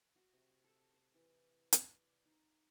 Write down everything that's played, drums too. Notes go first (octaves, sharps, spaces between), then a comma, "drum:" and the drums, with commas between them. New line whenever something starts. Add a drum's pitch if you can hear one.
F#4
C3
A4
C5
E3
drum: hi-hat
D5
D#4